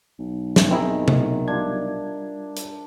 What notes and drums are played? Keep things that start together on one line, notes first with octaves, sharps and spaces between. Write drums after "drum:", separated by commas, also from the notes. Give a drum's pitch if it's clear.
B1
drum: snare
D#3 C4 E4 G#4 E5 A#5
drum: tom C3
G3 D4 F4 G#6
drum: hi-hat